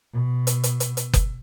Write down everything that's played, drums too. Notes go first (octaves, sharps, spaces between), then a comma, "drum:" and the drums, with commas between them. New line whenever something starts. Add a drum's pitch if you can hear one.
B2
drum: hi-hat
drum: hi-hat
drum: hi-hat
drum: hi-hat
drum: kick F#1, hi-hat